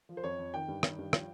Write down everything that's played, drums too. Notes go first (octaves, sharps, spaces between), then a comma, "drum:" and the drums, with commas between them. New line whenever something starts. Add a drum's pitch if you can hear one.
F3
C5
F2 C#5
F2
D#3 G5
G2
D#3, drum: rim click
G2
F3, drum: rim click